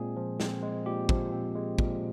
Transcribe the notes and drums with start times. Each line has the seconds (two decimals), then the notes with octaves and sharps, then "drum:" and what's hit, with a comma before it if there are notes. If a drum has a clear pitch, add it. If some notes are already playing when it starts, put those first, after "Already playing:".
Already playing: A#2 G#3 C4 G#4
0.16 F3
0.40 C4, drum: snare
0.63 G#3
0.86 A#2 G4
1.09 F3, drum: kick
1.32 C4
1.56 G#3
1.79 A#2, drum: kick